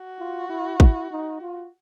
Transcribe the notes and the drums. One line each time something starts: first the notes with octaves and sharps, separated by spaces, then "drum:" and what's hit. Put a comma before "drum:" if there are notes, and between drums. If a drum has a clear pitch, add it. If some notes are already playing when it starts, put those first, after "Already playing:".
Already playing: F#4
F4
E4
E4, drum: kick
D#4
F4